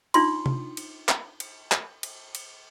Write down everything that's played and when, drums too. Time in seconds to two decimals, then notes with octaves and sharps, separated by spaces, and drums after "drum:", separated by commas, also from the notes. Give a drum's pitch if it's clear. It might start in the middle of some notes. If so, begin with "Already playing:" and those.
0.14 D4 D#4 F4 C6, drum: cymbal
0.46 drum: tom C3
0.77 drum: cymbal
1.09 drum: clap
1.40 drum: cymbal
1.72 drum: clap
2.03 drum: cymbal
2.35 drum: cymbal